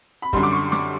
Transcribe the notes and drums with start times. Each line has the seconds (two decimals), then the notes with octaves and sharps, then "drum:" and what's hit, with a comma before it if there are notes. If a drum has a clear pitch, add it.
0.22 B5
0.33 F#2 D3 G3 C6, drum: kick
0.43 D6
0.52 C#6
0.72 D6, drum: snare